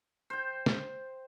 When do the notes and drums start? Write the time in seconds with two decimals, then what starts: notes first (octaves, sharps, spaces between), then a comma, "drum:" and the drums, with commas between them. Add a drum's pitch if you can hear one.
0.30 C5 G5
0.66 drum: snare